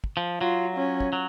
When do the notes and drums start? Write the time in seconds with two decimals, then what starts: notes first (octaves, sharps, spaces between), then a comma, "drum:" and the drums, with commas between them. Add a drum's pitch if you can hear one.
0.04 drum: kick
0.17 F3
0.40 F#3 F4
0.77 C#4
1.00 drum: kick
1.13 F#3